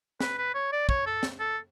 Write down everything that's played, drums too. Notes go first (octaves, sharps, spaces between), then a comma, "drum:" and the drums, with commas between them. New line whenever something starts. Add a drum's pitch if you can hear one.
B4, drum: snare
B4
C#5
D5
C#5, drum: kick
A4
drum: snare
A4